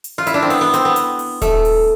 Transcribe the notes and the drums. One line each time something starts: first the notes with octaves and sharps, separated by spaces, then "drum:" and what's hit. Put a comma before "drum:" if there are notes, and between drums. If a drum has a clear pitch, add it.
drum: hi-hat
F4
E4, drum: hi-hat
D4
C4
B3, drum: open hi-hat
B3
C4, drum: hi-hat
B3
drum: hi-hat
drum: open hi-hat
A3, drum: kick D#1, hi-hat
drum: open hi-hat